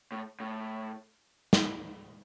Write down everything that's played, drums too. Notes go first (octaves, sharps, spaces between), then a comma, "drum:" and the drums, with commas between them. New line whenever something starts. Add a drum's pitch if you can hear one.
A2
A2
drum: snare